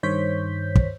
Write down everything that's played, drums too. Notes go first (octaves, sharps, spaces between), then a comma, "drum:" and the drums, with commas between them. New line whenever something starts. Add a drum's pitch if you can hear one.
G2 D#3 C5 C#5 G6 B6
drum: kick